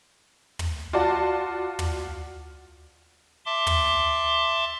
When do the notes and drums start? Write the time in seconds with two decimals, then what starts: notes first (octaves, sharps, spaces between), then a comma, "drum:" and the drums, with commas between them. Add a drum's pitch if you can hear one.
0.59 drum: tom
0.93 F4 F#4 D5 A5
1.79 drum: tom
3.46 E5 A5 C6 D6
3.67 drum: tom